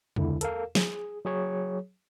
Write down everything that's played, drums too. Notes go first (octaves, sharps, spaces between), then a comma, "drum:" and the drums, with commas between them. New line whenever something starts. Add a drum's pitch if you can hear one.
C#2 D3 E4, drum: tom E2
A4 A#4 F5, drum: hi-hat
G#4, drum: snare
F#3 G#4 C#5